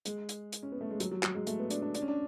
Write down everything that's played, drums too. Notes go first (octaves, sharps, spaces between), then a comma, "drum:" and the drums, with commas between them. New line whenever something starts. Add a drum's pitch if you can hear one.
G#3, drum: hi-hat
drum: hi-hat
drum: hi-hat
C#4
B3
A3
G#3
F#3, drum: hi-hat
F#3
F#3, drum: clap
G#3
A3, drum: hi-hat
B3
D4, drum: hi-hat
D4
D4, drum: hi-hat
C#4
D4